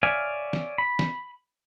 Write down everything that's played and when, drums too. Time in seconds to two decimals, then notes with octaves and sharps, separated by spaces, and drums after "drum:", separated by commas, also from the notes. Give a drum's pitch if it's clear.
0.03 C#5 D5 E5 F5 G#5
0.53 drum: snare
0.78 B5
0.99 drum: snare